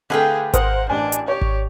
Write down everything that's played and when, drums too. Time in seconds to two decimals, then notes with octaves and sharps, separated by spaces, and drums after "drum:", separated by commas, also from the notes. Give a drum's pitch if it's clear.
0.10 D3 A3 G#4 B4 F5 G5
0.54 A#4 C5 F#5 D#6, drum: kick G#1, hi-hat
0.90 A1 D4 G#5
1.12 drum: hi-hat
1.28 G4 C#5
1.41 drum: kick G#1